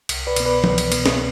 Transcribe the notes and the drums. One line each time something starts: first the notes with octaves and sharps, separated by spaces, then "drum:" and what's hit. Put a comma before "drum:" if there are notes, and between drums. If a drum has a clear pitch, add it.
C2, drum: cymbal
B4 D5
B2 B3, drum: cymbal
B4 D5
C2, drum: tom E3
drum: cymbal
B2 B3, drum: cymbal
drum: snare